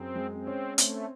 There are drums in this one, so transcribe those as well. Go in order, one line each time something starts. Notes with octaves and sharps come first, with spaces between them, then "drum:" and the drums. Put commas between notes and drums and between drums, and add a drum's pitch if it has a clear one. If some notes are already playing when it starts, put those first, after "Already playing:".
Already playing: F#2 C4 G#4
G#3
C4
C#4
A3 C4, drum: hi-hat